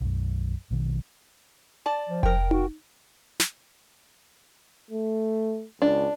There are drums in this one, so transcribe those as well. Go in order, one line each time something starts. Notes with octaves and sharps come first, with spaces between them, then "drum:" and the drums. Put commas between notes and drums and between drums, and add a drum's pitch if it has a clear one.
B1 F#2
A#1 B2 D#3
D5 A5
F3
A#4 G5, drum: kick F1
F#4, drum: tom D#4
drum: snare
A3
C#2 D4